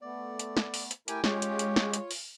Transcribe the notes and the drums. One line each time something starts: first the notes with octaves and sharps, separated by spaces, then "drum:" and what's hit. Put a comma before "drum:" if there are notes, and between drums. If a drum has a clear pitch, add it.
A3 B3 D5
drum: hi-hat
drum: snare
drum: open hi-hat
drum: hi-hat
A3 E4 G4 A#4 G5 G#5, drum: hi-hat
G#3 C#4 F4 G4 C#5, drum: snare
drum: hi-hat
drum: hi-hat
drum: snare
drum: hi-hat
drum: open hi-hat